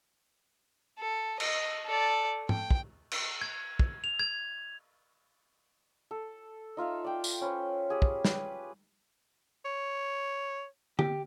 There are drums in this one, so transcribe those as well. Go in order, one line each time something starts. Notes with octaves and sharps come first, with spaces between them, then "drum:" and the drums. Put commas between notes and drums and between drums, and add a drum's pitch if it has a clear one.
A4
D#5, drum: cymbal
A4 D5
G5, drum: tom G#2
drum: kick
drum: cymbal
G#6
drum: kick
F7
G#6
A4
D#4 F4 E5 F5
D5 G5
drum: tambourine
C#4 B4 C5
G4 G#4
drum: kick
B4, drum: snare
C#5
G4, drum: tom